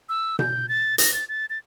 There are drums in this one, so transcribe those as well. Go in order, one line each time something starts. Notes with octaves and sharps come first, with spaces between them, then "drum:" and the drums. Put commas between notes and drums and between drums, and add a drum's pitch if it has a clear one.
E6
G6, drum: tom B2
A6
A#6, drum: hi-hat
A6
A6
A6